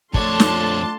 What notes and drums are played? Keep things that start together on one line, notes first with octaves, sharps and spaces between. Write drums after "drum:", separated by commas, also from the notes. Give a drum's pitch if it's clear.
F2 A3 D4 F4 C#5 A5 C6, drum: kick
drum: snare